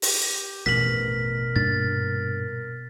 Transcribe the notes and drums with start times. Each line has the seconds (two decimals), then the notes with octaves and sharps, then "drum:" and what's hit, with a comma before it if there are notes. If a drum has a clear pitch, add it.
0.02 G4, drum: open hi-hat
0.66 A1 F2 G#2 B2 A#4 B6 F#7
1.56 G2 A#2 D4 A6